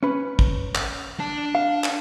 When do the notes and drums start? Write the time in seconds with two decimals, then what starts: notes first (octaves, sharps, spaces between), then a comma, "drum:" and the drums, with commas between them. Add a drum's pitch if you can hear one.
0.03 C#4 B4
0.39 drum: kick
0.75 drum: clap
1.20 D4 A5
1.55 F5
1.84 drum: clap